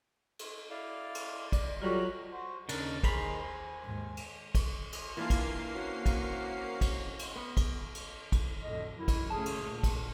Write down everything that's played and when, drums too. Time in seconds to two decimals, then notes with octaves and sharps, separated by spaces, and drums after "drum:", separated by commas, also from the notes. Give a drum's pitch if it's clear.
0.39 drum: cymbal
0.70 E4 D5 F5
1.15 drum: cymbal
1.52 D5, drum: kick, cymbal
1.82 F#3 G3 F4 A4 C#5 A#5 C#6 F#6
2.31 F#4 C5
2.69 D#2 C#3 D4 D#4 A#4, drum: cymbal
3.03 D#3 G#4 C5 A#5 B5, drum: kick, cymbal
3.41 G#5
3.85 D#2 G#2
4.17 drum: cymbal
4.55 drum: kick, cymbal
4.92 drum: cymbal
5.17 E3 A#3 D4 F4 F5 C7
5.30 drum: kick, cymbal
5.74 C4 C#4 F#4
6.06 drum: kick, cymbal
6.81 drum: kick, cymbal
7.19 drum: cymbal
7.35 B3
7.57 drum: kick, cymbal
7.95 drum: cymbal
8.32 drum: kick, cymbal
8.63 F2 A2 D3 D#5
8.97 F#2 D#3 F#3 E4
9.08 drum: kick, cymbal
9.30 C#3 A3 C#4 G#4 A5
9.46 drum: cymbal
9.61 D2 A#2 D3
9.83 drum: kick, cymbal